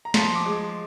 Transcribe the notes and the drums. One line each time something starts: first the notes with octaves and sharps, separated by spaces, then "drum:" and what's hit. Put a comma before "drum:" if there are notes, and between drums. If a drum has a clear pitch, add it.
A#5
F3 C6, drum: snare
D6
G#3